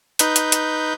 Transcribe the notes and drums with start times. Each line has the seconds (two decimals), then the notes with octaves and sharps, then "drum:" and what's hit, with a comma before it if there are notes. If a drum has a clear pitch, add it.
0.19 D#4 B4 G6, drum: hi-hat
0.36 drum: hi-hat
0.52 drum: hi-hat